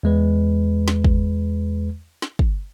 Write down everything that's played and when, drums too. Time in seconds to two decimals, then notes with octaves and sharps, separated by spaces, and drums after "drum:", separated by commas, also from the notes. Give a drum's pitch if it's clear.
0.03 E2 G#3 B4
0.88 drum: snare
1.04 drum: kick
2.22 drum: snare
2.39 drum: kick